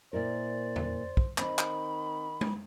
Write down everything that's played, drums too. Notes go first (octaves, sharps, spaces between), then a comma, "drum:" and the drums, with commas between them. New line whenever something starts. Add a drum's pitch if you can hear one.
A#2 E4 A#4 C5 D5
drum: tom E2
drum: kick
D#3 C4 D#4 B5, drum: clap
drum: clap
drum: tom G#3